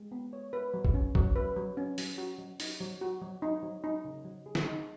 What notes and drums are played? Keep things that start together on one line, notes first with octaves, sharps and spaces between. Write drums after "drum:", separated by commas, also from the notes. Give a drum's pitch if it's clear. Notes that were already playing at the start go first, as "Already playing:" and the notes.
Already playing: G#3
B3
C#5
B4
F#3
drum: kick
C#4
F#3, drum: kick
B4
F#3
C#4
F#3, drum: open hi-hat
F#4
F#3
D#4, drum: open hi-hat
F#3
F#4
F#3
D#4
F#3
D#4
C#3
F#3
G#4
drum: snare
D#4